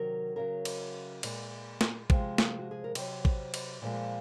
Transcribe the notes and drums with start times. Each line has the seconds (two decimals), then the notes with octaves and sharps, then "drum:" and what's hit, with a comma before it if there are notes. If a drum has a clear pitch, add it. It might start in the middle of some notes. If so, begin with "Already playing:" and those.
Already playing: C3 D#3 F#3 A#4
0.36 C#3 F#3 A#4
0.65 drum: cymbal
1.23 A#2 G#3, drum: cymbal
1.81 drum: snare
2.10 C3 F3 G#3 C5, drum: kick
2.38 drum: snare
2.59 F#4
2.71 G#4
2.84 A#4
2.95 C3 F#3 C5, drum: cymbal
3.25 drum: kick
3.54 drum: cymbal
3.82 A#2 F3 G#3